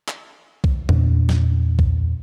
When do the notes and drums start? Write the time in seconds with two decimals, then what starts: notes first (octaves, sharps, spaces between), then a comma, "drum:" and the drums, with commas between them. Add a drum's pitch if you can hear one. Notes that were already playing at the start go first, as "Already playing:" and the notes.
0.08 drum: clap
0.64 drum: kick B1
0.89 E2 A#2 D4, drum: tom E2
1.29 drum: snare
1.79 drum: kick B1